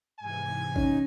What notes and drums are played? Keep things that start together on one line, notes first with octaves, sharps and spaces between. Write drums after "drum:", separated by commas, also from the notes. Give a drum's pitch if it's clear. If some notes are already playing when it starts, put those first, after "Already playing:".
G#2 C3 E3 G#5
C#4 D#4, drum: kick A1